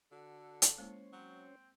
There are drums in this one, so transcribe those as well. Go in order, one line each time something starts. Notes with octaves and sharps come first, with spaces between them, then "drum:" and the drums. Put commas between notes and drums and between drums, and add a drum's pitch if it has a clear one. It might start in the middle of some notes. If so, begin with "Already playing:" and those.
D3 F#4 A4
drum: hi-hat
G#3 A#3 C#4 E4 C5 C#5
F#3 C4